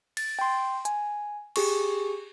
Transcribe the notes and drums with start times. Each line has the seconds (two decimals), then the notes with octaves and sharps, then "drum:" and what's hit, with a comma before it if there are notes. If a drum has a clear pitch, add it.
0.17 A6, drum: cymbal
0.39 G5 C6
0.85 G#5, drum: hi-hat
1.56 G4 G#4 C#6, drum: cymbal